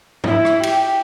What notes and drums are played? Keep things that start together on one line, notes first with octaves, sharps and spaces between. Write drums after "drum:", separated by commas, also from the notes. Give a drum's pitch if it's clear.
E4, drum: tom
drum: rim click
G4, drum: cymbal